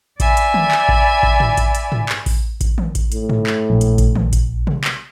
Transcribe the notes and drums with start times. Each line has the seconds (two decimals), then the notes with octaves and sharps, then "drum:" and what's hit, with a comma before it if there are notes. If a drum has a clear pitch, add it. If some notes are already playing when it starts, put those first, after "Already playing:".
0.20 D5 E5 G#5 B5, drum: kick A1, hi-hat
0.37 drum: hi-hat
0.54 drum: tom
0.71 drum: clap
0.89 drum: kick A1
1.23 drum: kick A1
1.40 drum: tom
1.57 drum: kick A1, hi-hat
1.75 drum: hi-hat
1.92 drum: tom
2.09 drum: clap
2.26 drum: kick A1, open hi-hat
2.61 drum: kick A1, hi-hat
2.78 drum: tom
2.95 drum: kick A1, hi-hat
3.12 A2, drum: hi-hat
3.29 drum: tom
3.47 drum: clap
3.70 A#1
3.81 drum: hi-hat
3.98 drum: kick A1, hi-hat
4.15 drum: tom
4.33 drum: kick A1, hi-hat
4.67 drum: tom
4.84 drum: clap